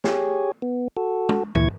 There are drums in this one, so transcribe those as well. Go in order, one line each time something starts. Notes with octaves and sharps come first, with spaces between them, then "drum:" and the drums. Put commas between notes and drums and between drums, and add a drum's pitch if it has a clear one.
G4 G#4 C#5, drum: snare
B3
F#4 A4
drum: tom
D2 A#2 E3 E4 C#6 G#6, drum: tom